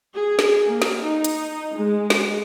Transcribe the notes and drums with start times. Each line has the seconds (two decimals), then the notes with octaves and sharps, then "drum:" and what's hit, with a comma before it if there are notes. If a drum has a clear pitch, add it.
0.14 G#4
0.39 drum: snare
0.66 A#3
0.82 drum: snare
1.03 D#4
1.24 drum: hi-hat
1.75 G#3
2.10 drum: snare